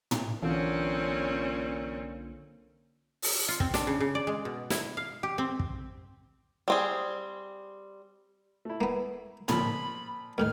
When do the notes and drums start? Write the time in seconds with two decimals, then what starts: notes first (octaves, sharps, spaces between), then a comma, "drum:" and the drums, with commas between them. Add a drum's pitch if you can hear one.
0.11 drum: tom
0.42 B1 A#2 D3 E3 A#3 C4 C#4
3.22 drum: open hi-hat
3.48 F4
3.60 C4, drum: kick
3.74 D4, drum: snare
3.87 C#3
4.00 C#3
4.15 D5
4.27 G#3
4.45 B2
4.70 E4, drum: snare
4.97 F5
5.23 G4
5.38 C4
5.59 drum: kick
6.68 G3 C4 G#4
8.65 A3 E4
8.81 A#3 B3
9.48 A#2 C#3 F3 A#3 A4 B5, drum: tom
10.38 D#2 A2 D#3 F6